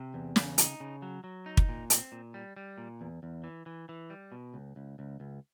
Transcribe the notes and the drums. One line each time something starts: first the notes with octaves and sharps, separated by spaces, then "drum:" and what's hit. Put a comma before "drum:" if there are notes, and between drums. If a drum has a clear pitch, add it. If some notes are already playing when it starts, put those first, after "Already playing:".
Already playing: C3
E2
C#3, drum: snare
D#4, drum: hi-hat
C#3
F#3
F#3
D#4
drum: kick
A#2
C4, drum: hi-hat
A#2
G3
G3
A#2
E2
E2
E3
E3
E3
G3
B2
C#2
C#2
C#2
C#2